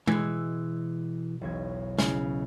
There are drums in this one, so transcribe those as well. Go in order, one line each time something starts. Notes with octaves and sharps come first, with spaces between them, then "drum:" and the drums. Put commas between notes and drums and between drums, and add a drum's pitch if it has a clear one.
B2 E3 G#3 E6 G#6, drum: tom G#3
E1 B1 G#6
C#3 E4, drum: snare